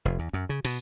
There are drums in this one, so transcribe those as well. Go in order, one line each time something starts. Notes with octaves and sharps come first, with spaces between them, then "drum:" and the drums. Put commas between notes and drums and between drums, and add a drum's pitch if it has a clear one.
F1
E2
F#2
C#3
B2, drum: cymbal